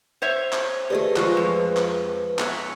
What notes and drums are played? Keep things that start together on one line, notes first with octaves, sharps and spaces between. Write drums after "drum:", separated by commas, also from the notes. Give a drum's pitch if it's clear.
C5 C#5 E5
drum: clap
A3 G4 G#4 B4 D5 D#5
F3 G#3 B4 C5 C#6 F#6, drum: clap
F2
drum: clap
C#5 E5 F#5, drum: clap